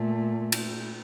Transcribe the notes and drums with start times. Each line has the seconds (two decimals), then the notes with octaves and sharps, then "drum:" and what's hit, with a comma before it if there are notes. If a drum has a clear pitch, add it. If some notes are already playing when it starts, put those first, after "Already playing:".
Already playing: A#2 A3
0.52 drum: cymbal